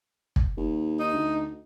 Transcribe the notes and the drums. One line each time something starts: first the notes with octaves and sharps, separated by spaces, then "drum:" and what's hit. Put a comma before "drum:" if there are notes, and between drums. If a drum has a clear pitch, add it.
drum: kick
D#2
D#4
D2